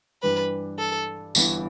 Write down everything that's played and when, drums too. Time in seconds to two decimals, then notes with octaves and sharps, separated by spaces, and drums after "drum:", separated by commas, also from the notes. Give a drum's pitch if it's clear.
0.22 G2 E3 G3 D4 B4
0.79 A4
1.35 G1 G2 E3 B3 E4, drum: tambourine